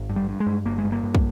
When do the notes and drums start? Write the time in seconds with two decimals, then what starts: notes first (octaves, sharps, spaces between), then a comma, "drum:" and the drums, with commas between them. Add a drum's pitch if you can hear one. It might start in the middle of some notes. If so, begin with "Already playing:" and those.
Already playing: G#1
0.10 G2
0.16 G3
0.29 G2
0.40 G#3
0.47 G2
0.65 G1 A#3
0.78 G#3
0.84 G2
0.92 A#3
1.03 G2
1.15 drum: kick